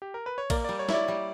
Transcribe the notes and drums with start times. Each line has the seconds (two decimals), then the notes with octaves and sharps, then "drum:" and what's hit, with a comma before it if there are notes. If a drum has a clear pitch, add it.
0.02 G4
0.14 A#4
0.26 B4
0.38 C#5
0.50 A#3 D5, drum: kick A#1, cymbal
0.64 D5
0.69 G3
0.79 C#5
0.89 E4 D5, drum: snare
1.08 G3